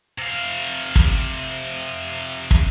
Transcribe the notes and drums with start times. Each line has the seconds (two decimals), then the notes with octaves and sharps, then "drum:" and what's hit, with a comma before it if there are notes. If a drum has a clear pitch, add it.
0.18 C3 F5
0.96 drum: kick
2.51 drum: kick